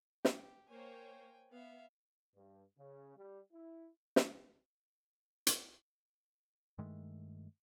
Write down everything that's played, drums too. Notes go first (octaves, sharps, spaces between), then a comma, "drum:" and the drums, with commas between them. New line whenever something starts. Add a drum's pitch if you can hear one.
G4, drum: snare
A#3 C5 C#5 G5 G#5
B3 E5 F5
G2
C#3
G3
E4
drum: snare
drum: hi-hat
G2 D#3 G#3 A3